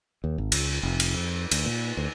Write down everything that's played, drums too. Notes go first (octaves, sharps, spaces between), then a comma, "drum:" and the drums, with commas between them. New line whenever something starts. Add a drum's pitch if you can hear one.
D#2
G#1
C#2, drum: cymbal
F1
drum: cymbal
F2
D2, drum: cymbal
A#2
D2